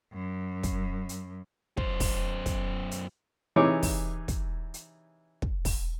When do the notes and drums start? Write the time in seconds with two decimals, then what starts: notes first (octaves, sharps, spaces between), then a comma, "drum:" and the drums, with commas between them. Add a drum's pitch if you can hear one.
0.13 F#2
0.63 drum: kick, hi-hat
1.09 drum: hi-hat
1.77 F#2 C5, drum: kick
2.00 drum: kick, open hi-hat
2.46 drum: kick, hi-hat
2.91 drum: hi-hat
3.56 C3 E3 D#4 G#4 C#5 D6
3.83 drum: kick, open hi-hat
4.28 drum: kick, hi-hat
4.74 drum: hi-hat
5.42 drum: kick
5.65 drum: kick, open hi-hat